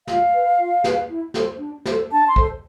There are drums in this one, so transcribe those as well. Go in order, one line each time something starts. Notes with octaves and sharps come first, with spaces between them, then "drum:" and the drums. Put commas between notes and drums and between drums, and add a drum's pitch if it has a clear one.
F4 F5, drum: snare
B4
F4
G#4 B4, drum: snare
E4
A4 C5, drum: snare
D4
A4 C5, drum: snare
D4 A5
C6
A4 C5, drum: kick